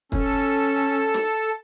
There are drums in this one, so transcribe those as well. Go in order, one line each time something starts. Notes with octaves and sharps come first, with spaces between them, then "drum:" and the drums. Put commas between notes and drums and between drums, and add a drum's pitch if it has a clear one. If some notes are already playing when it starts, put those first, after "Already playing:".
C#4 A4, drum: kick
drum: snare